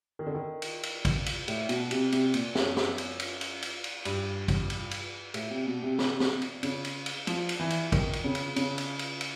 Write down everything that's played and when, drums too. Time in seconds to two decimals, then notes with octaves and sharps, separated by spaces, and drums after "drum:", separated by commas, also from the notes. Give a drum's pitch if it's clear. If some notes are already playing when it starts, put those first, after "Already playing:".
0.19 D#3
0.26 D3
0.35 D#3
0.62 drum: cymbal
0.83 drum: cymbal
1.05 drum: kick, cymbal
1.26 drum: cymbal
1.48 A2, drum: cymbal
1.69 B2, drum: cymbal
1.91 C3, drum: cymbal
2.12 C3, drum: cymbal
2.34 A#2, drum: cymbal
2.55 F#2, drum: snare
2.77 drum: snare
2.98 drum: cymbal
3.20 drum: cymbal
3.41 drum: cymbal
3.62 drum: cymbal
3.84 drum: cymbal
4.05 G2, drum: cymbal
4.48 drum: kick, cymbal
4.70 drum: cymbal
4.91 drum: cymbal
5.34 A2, drum: cymbal
5.51 C3
5.67 B2
5.82 C3
5.99 drum: snare
6.20 drum: snare
6.42 drum: cymbal
6.63 C#3, drum: cymbal
6.84 drum: cymbal
7.06 drum: cymbal
7.27 F3, drum: cymbal
7.49 drum: cymbal
7.60 E3
7.70 drum: cymbal
7.92 D#3, drum: kick, cymbal
8.13 drum: cymbal
8.24 C#3
8.35 drum: cymbal
8.56 C#3, drum: cymbal
8.78 drum: cymbal
8.99 drum: cymbal
9.21 drum: cymbal